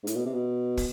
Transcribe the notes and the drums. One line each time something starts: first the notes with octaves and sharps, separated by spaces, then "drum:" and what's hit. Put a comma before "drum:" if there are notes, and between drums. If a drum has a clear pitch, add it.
G#2
A2, drum: hi-hat
B2
C3
B2
drum: kick, open hi-hat